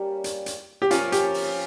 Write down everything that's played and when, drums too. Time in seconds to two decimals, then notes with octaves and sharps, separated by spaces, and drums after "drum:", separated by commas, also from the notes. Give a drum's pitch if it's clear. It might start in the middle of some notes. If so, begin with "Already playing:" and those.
Already playing: G3 A#3 C#4 G4
0.24 drum: hi-hat
0.46 drum: hi-hat
0.82 G4
0.91 F3 A#3 C#4 F4, drum: hi-hat
1.12 G4, drum: hi-hat
1.34 drum: open hi-hat